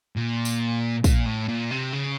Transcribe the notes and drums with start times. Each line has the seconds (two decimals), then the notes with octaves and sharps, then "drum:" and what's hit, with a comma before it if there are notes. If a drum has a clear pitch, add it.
0.16 A#2
0.45 drum: tambourine
1.04 A#2, drum: kick, tambourine
1.26 A2
1.49 A#2
1.71 C3
1.93 C#3